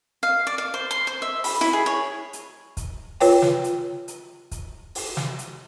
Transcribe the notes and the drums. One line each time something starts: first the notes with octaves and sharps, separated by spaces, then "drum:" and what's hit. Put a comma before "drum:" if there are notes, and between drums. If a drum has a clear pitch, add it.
F5
D5
F5
C5
C6
C5
E5
B5, drum: open hi-hat
E4
G#4
C#5
drum: hi-hat
drum: kick, hi-hat
F4 B4 C#5 G5, drum: open hi-hat
drum: snare
drum: hi-hat
drum: hi-hat
drum: kick, hi-hat
drum: open hi-hat
drum: snare
drum: hi-hat